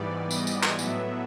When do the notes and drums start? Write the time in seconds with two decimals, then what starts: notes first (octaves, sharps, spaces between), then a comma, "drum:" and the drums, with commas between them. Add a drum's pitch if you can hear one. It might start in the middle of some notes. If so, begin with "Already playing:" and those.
Already playing: G#2 E3 G3 B3 D5
0.31 D#5, drum: tambourine
0.47 drum: tambourine
0.63 drum: clap
0.79 A2 F#3 B3 E5, drum: tambourine